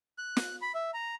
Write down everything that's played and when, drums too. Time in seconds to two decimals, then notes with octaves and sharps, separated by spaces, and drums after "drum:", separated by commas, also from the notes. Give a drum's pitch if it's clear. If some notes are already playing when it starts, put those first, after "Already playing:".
0.18 F#6
0.37 drum: snare
0.62 B5
0.75 E5
0.94 A#5